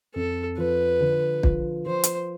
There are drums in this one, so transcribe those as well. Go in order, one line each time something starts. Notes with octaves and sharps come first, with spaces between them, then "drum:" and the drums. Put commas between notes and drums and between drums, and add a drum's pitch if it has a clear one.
F2 A4
F3 B4
D3
F3, drum: kick
F3 C5
drum: hi-hat